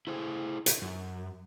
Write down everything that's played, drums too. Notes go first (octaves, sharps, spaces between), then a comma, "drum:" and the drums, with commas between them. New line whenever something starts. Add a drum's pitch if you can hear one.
E4 G#4 C5
drum: hi-hat
F#2